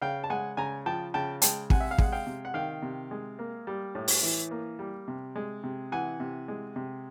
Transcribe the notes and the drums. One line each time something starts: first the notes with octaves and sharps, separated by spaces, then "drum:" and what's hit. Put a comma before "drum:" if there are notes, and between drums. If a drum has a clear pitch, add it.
C#3 F5 G5
A5
G#3 F#5 G#5
C#3 G#5 A#5
F3 G5 A5
C#3 G5 A5
G#3 G5 A5, drum: hi-hat
C3 F#5 G#5, drum: kick
E5
F5
G#3 F#5, drum: kick
F5 G5
C3
F#5
D#3 F5 G5
C3
G#3
A#3
G3
A2
drum: open hi-hat
E3
A#3
G3
C3
G#3
C3
E3 F#5 G#5
C3
G#3
C3